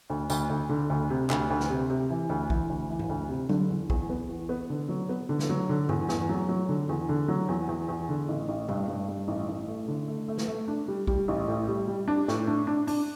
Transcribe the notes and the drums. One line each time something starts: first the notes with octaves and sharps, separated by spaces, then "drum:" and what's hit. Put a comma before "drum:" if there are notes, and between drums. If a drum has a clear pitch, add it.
D2
D2, drum: tambourine
D2
D3
D2
C3
D2, drum: clap
D2
drum: snare
C3
C3
E3
D2
E3, drum: kick
D2
E3
drum: tom G#2
D2
C3
D3, drum: tom F#3
E2
E2, drum: kick
B3
E2
B3
D3
F#3
B3
D3
drum: snare
F#3
D3
E2, drum: tom G2
E2, drum: snare
F#3
F#3
D3
E2
D3
F#3
E2
E2
E2
D3
A1
A1
G2, drum: tom C3
G2
G2
A1
A1
A3
D3
A3
A3
drum: snare
A3
D4
G3
G3, drum: kick
A1
A2
G3
G3
D4
A2, drum: snare
D4
D4
D4, drum: open hi-hat